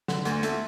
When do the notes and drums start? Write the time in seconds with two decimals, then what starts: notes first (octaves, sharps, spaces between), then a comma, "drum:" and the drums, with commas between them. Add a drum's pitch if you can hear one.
0.08 D3, drum: snare
0.25 D2, drum: hi-hat
0.43 A3, drum: hi-hat